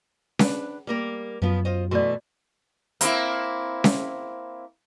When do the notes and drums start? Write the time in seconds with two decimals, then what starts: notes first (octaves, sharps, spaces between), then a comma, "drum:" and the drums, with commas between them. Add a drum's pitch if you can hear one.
0.39 D4 B4, drum: snare C#4
0.87 G3 A#3 A#4
1.42 F#2 F3 B3 F4
1.65 F4 C5 D#5
1.91 B2 E3 A3 F#4 D5
3.01 A#3 C4 E4, drum: hi-hat
3.84 drum: snare C#4